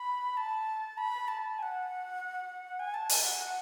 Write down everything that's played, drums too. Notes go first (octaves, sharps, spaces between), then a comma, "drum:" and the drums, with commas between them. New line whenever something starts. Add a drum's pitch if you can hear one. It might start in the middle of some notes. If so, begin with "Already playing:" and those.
Already playing: B5
A5
B5
A5
G#5
F#5
G#5
A5
G#5, drum: open hi-hat
F#5
F#5